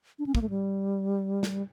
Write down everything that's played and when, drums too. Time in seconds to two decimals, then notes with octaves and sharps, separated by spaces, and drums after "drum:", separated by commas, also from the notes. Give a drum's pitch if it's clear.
0.19 D4
0.26 C#4
0.35 A#3, drum: kick
0.42 A3
0.50 G3
1.43 drum: snare